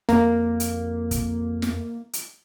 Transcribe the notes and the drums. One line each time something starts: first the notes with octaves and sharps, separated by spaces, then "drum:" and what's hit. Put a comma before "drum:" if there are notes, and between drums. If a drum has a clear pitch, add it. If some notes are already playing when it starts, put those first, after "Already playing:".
F2 A#3, drum: snare
drum: hi-hat
drum: kick, hi-hat
drum: snare
drum: hi-hat